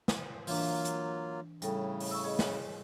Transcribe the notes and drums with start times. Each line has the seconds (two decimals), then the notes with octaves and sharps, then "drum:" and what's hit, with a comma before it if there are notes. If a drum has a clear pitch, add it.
0.08 drum: snare
0.47 E3 F#3 A#3 D4 F4, drum: open hi-hat
0.85 drum: hi-hat
1.62 A2 C#3 G3 A4 G5, drum: hi-hat
2.00 drum: open hi-hat
2.11 C#6 E6
2.24 G#4 C#5 D#5
2.39 drum: snare